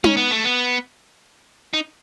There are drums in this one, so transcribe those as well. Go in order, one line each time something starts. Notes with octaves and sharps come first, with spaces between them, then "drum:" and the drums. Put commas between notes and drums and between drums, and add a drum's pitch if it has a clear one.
C#4, drum: tom D#4
B3
A3
B3
D#4